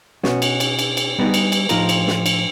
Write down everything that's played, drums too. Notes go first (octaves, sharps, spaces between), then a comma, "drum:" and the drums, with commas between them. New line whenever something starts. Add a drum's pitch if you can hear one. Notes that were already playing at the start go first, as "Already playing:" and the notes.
B2 B3 C#4 F#4, drum: snare
drum: cymbal
drum: cymbal
drum: cymbal
drum: cymbal
G3 B3 D#4 G#4 D5
drum: cymbal
drum: cymbal
A2 F3 D#4 F4 A#4, drum: cymbal
drum: cymbal
drum: snare
drum: cymbal